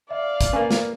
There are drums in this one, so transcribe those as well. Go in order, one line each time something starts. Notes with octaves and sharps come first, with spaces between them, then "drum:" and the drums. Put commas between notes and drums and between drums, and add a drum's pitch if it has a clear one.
D5 E5 F5
drum: kick, hi-hat
A#3 C#4 B4 G#5
drum: snare